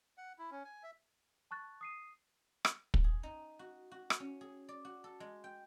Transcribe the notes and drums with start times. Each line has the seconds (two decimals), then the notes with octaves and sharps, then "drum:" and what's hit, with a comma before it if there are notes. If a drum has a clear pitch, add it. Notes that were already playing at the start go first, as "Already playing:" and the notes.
0.18 F#5
0.39 E4
0.51 C#4
0.65 G#5
0.83 E5
1.51 A5 C#6 F#6 A6
1.81 D#6 C7 D#7
2.65 drum: rim click
2.94 drum: kick
3.04 G#4
3.23 D#4
3.59 F#4
3.91 F#4
4.10 drum: rim click
4.20 C#4
4.41 G#4
4.69 D5
4.85 F#4
5.04 A4
5.20 G#3
5.44 G5